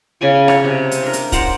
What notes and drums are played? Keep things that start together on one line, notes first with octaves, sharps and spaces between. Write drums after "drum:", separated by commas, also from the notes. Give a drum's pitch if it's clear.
C#3 D5 G#5 D6
C#5 D5, drum: rim click
C3
drum: hi-hat
D4 A#4
drum: hi-hat
C5 D5 F#5 A#5, drum: kick, hi-hat